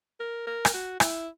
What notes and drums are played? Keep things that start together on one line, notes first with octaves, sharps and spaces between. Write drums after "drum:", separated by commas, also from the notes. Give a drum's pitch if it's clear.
A#4
A#4
drum: rim click
F#4
E4, drum: rim click